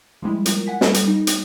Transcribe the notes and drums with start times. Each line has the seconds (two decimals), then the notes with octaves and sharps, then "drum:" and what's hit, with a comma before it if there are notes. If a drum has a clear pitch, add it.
0.22 F3 G3 G#3 E4
0.46 F4 A#4, drum: hi-hat
0.67 F#5 G#5 B6
0.81 G3 A4, drum: snare
0.94 drum: hi-hat
1.04 G3 D#4
1.27 drum: hi-hat